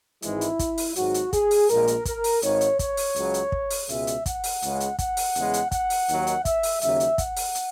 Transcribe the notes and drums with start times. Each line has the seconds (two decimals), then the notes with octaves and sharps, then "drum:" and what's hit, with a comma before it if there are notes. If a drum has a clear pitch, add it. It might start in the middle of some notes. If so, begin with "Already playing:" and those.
0.22 G#1 G#2 E3 G#3 E4, drum: hi-hat
0.41 drum: hi-hat
0.59 drum: kick, hi-hat
0.78 drum: open hi-hat
0.96 G#1 G#2 F#3 F#4, drum: hi-hat
1.14 drum: hi-hat
1.33 G#4, drum: kick, hi-hat
1.51 drum: open hi-hat
1.69 A#1 A#2 G#3 A#4, drum: hi-hat
1.87 drum: hi-hat
2.05 A#4, drum: kick, hi-hat
2.24 drum: open hi-hat
2.42 G#1 G#2 D#3 C#5, drum: hi-hat
2.61 drum: hi-hat
2.79 C#5, drum: kick, hi-hat
2.97 drum: open hi-hat
3.16 C#2 C#3 F#3, drum: hi-hat
3.34 drum: hi-hat
3.52 drum: kick
3.71 drum: open hi-hat
3.89 C#2 B2 G#3 E5, drum: hi-hat
4.07 drum: hi-hat
4.26 F#5, drum: kick, hi-hat
4.44 drum: open hi-hat
4.62 C#2 C#3 G#3, drum: hi-hat
4.80 drum: hi-hat
4.99 F#5, drum: kick, hi-hat
5.17 drum: open hi-hat
5.35 E2 C#3 G#3, drum: hi-hat
5.54 drum: hi-hat
5.72 F#5, drum: kick, hi-hat
5.90 drum: open hi-hat
6.09 D#2 D#3 F#3, drum: hi-hat
6.27 drum: hi-hat
6.45 E5, drum: kick, hi-hat
6.63 drum: open hi-hat
6.81 D#2 C#3 F#3 E5, drum: hi-hat
7.00 drum: hi-hat
7.18 F#5, drum: kick, hi-hat
7.37 drum: open hi-hat
7.55 drum: hi-hat